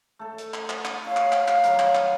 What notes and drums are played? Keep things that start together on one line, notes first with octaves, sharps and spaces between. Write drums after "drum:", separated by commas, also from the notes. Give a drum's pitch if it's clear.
A3 A4
drum: hi-hat
drum: clap
drum: clap
drum: clap
F4 C#5 F5
drum: clap
drum: clap
drum: clap
D#3 F#3 G3, drum: hi-hat
drum: clap
drum: clap